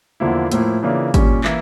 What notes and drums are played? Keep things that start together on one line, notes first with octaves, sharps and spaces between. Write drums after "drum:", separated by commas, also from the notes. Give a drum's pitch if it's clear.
E2 D3 F3 A#3 E4
A2 F3 A#3 E4, drum: hi-hat
C#3 E3 A#3 D4 F4
A#2 G3 C#4, drum: kick G#1, hi-hat
E3 A#3 E4, drum: clap